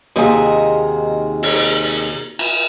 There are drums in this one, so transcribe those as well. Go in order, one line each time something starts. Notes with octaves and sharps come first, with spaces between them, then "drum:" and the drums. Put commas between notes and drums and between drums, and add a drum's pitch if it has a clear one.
D#2 C3 D#3 F4 F#4 G#4
drum: open hi-hat
drum: cymbal